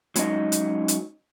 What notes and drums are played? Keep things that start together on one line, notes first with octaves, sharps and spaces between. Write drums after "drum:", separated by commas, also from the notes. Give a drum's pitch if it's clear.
F#3 G#3 C#4 D#4 D#5, drum: hi-hat
drum: hi-hat
drum: hi-hat